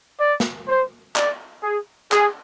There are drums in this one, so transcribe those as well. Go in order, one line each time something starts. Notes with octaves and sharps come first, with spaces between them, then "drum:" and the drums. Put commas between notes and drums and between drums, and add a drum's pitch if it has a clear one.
D5
drum: snare
C5
D5, drum: clap
G#4
G#4, drum: clap